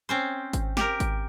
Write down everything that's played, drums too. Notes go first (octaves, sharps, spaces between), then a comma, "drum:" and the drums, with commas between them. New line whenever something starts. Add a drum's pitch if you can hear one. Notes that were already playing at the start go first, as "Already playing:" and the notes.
C4 C#4 C5
drum: kick G#1, hi-hat
G4 A#4, drum: snare
drum: kick G#1, hi-hat